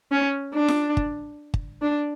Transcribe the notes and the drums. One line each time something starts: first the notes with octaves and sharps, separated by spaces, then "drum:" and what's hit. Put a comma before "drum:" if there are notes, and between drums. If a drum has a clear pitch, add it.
C#4
D4
drum: snare F4
drum: kick
drum: kick
D4